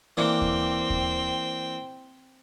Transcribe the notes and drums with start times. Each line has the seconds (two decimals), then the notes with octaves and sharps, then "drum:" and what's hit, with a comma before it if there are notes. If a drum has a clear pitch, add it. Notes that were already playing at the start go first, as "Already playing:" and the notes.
0.17 E3 A#3 C4 D4 G5
0.41 drum: kick D#2
0.90 drum: kick D#2